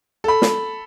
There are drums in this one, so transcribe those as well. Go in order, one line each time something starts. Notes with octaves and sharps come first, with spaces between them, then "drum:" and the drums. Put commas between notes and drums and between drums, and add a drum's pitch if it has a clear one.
A4 B5
drum: snare